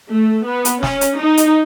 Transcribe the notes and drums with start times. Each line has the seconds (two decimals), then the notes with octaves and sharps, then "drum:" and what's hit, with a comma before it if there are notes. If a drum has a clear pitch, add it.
0.10 A3
0.46 B3
0.65 drum: hi-hat
0.83 C#4, drum: snare
1.01 drum: hi-hat
1.20 D#4
1.37 drum: hi-hat